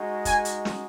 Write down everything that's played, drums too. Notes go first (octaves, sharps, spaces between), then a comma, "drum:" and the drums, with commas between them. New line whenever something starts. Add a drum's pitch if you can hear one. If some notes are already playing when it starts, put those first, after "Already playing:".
Already playing: G#3 D#4 F#4
G#5, drum: kick, hi-hat
drum: hi-hat
drum: snare